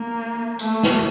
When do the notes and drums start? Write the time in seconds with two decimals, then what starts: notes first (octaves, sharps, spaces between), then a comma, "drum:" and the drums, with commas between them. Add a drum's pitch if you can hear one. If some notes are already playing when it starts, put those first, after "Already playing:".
Already playing: A#3
0.59 A3, drum: tambourine
0.83 drum: snare